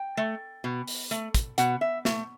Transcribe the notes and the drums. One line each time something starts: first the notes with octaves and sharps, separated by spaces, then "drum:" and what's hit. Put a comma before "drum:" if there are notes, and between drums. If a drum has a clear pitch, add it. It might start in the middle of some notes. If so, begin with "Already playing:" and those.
Already playing: G5
A3
B2
drum: open hi-hat
A3, drum: hi-hat
drum: kick, hi-hat
B2 F#5, drum: hi-hat
E5
A3, drum: snare